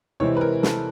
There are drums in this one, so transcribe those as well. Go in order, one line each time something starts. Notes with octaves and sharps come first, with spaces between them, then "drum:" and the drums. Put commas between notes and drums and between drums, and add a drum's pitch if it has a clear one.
C3 E3 G#3 C4 E4 C#5
B4
A#4
A4, drum: snare